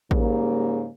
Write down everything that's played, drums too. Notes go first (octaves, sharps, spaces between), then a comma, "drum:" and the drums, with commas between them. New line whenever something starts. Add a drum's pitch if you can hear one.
G#2 C#3 G3 A#3, drum: kick A1